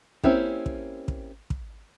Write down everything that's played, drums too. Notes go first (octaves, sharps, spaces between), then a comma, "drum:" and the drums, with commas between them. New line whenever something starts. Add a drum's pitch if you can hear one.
A#3 C4 C#4 E4 G4, drum: kick
drum: kick
drum: kick
drum: kick